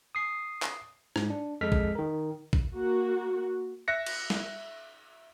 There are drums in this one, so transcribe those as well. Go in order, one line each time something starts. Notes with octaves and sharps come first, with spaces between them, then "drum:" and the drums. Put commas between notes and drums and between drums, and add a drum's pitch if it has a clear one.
D#6 C7
drum: clap
G#2, drum: rim click
D4
F2 G#3 A4 F6 B6
drum: kick
D#3 A#4
drum: kick
A#3 F#4
E5 F#6 A#6 C#7
drum: cymbal
drum: snare